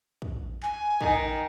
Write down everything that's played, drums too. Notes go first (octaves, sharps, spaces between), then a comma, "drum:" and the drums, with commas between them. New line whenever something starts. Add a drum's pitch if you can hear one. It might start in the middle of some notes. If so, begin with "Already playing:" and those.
drum: kick
G#5, drum: clap
D#3, drum: kick